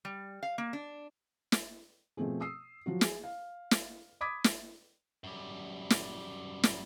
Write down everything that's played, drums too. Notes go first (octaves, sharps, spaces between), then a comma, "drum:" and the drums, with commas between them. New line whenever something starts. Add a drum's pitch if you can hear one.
G3
F5
A#3
D4
drum: snare
B2 F3 A3 C4 G#4
D#6 E6 C7
F3 F#3 F#4
G#4, drum: snare
F5
drum: snare
B5 D6 D#6 G#6 B6
drum: snare
F#2 G3
drum: snare
drum: snare